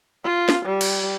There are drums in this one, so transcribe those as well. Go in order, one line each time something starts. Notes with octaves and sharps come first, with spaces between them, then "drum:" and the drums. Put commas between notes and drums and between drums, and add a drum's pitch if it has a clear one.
F4
drum: snare
G3
drum: cymbal